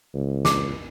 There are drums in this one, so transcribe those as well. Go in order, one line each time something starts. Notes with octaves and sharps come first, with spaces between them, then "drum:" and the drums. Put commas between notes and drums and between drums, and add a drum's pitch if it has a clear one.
C#2
D6, drum: snare